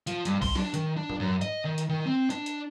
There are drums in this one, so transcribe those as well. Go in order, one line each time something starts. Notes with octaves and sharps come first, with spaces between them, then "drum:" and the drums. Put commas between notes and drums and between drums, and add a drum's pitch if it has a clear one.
F3, drum: hi-hat
G2, drum: hi-hat
C6, drum: kick B1, open hi-hat
D4, drum: snare
D#3, drum: hi-hat
D4
drum: tom G#2
F#2
D#5, drum: hi-hat
D#3
drum: hi-hat
D#3
C4
D4, drum: hi-hat
drum: hi-hat